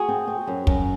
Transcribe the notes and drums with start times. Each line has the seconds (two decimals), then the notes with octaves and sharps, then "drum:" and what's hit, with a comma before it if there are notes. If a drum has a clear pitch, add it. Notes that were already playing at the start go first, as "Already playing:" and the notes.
Already playing: F#4 G#4
0.08 C4
0.28 C4
0.47 F#2
0.67 F#2, drum: kick